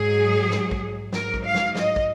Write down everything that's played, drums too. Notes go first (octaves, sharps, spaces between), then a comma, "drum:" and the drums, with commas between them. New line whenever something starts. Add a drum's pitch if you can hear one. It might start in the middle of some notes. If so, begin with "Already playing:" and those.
Already playing: G#2 F#3 G#4
drum: snare
drum: kick
G#2 F#3 A#4, drum: snare
drum: kick
F5
drum: snare
D#5, drum: snare
drum: kick